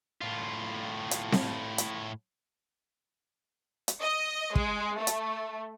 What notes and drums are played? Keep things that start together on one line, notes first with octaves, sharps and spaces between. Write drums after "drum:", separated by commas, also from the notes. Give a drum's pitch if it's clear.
A2 F4
drum: hi-hat
drum: snare C4
drum: hi-hat
drum: hi-hat
D#5
G#3, drum: kick
A3
drum: hi-hat